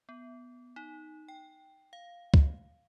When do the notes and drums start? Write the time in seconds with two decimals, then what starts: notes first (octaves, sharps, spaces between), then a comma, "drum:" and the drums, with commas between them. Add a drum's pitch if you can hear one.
0.09 B3
0.76 D#4
1.28 G5
1.93 F5
2.34 drum: kick C#2